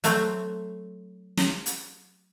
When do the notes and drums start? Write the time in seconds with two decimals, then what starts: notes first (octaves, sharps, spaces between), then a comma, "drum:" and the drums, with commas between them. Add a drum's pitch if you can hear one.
0.04 F#3 A3 C4, drum: hi-hat
1.37 drum: snare
1.66 drum: hi-hat